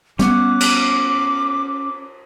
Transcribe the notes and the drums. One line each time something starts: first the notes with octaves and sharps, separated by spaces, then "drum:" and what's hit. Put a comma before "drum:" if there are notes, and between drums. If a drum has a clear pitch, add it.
G3 B3 C#4 F#5 D6, drum: hi-hat
drum: cymbal